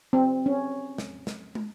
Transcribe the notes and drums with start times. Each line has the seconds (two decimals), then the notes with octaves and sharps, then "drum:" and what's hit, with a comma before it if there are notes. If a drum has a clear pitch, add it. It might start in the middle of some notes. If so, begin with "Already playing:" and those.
0.13 C4
0.46 C#4
0.98 drum: snare
1.27 drum: snare
1.55 drum: tom